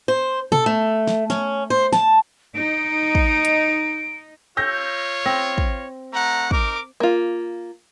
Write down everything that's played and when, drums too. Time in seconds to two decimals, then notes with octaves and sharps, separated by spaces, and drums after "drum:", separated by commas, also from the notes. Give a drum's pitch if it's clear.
0.08 C5
0.52 A4, drum: tom B2
0.66 A3
1.07 drum: snare
1.30 C#4, drum: snare
1.70 C5
1.92 A5, drum: snare
2.55 D#4 D7
3.15 drum: kick
3.45 drum: hi-hat
4.57 F4 C#5 E6 G6 A#6
5.26 C4 A#6
5.58 drum: kick
6.13 A3 F#5 A#5
6.51 D#4 A#4 D6, drum: kick
7.00 A#3 F4